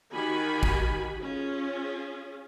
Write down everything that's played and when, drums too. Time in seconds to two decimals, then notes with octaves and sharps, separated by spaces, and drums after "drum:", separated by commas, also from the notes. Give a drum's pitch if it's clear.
0.13 D#3 F#4 G4 G#5 B5
0.63 drum: kick
1.20 C#4 F4 G#4